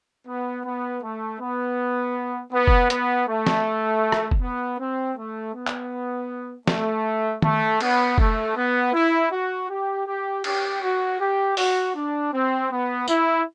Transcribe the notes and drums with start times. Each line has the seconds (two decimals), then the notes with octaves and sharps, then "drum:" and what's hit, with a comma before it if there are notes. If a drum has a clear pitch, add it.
0.27 B3
0.64 B3
1.02 A3
1.39 B3
2.52 B3
2.68 drum: kick F1
2.90 B3, drum: hi-hat
3.28 A3
3.47 drum: snare
4.12 drum: rim click
4.31 drum: kick F1
4.41 B3
4.78 C4
5.17 A3
5.54 B3
5.67 drum: clap
6.67 A3, drum: snare
7.42 A3, drum: tom
7.80 B3, drum: cymbal
8.18 A3, drum: kick F1
8.55 B3
8.93 E4
9.31 F#4
9.69 G4
10.06 G4
10.44 G4, drum: cymbal
10.82 F#4
11.19 G4
11.57 F#4, drum: open hi-hat
11.95 D4
12.33 C4
12.70 B3
13.08 E4, drum: tambourine